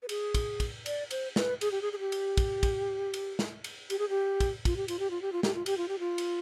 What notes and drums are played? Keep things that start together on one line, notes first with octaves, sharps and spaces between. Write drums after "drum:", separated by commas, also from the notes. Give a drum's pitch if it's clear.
B4
G#4, drum: cymbal
drum: kick, cymbal
drum: kick, cymbal
D5, drum: cymbal
C5, drum: cymbal
B4, drum: snare
G#4, drum: cymbal
G4
G#4
G#4
G4
drum: cymbal
drum: kick, cymbal
drum: kick, cymbal
drum: cymbal
drum: snare
drum: cymbal
G4, drum: cymbal
G#4
G4
drum: kick, cymbal
F4, drum: kick, cymbal
G4
F4, drum: cymbal
G4
F4
G4
F4
G4, drum: snare
F4
G4, drum: cymbal
F4
G4
F4
drum: cymbal